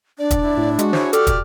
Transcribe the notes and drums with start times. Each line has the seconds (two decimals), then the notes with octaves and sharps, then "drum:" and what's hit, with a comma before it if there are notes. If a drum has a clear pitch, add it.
0.19 D4 D5
0.31 drum: kick, hi-hat
0.42 E4
0.57 A2
0.79 G#3 F#4, drum: hi-hat
0.93 E4 G#4 C5 C#5, drum: snare
1.13 G4 A4 D5 F6, drum: hi-hat
1.27 drum: kick, hi-hat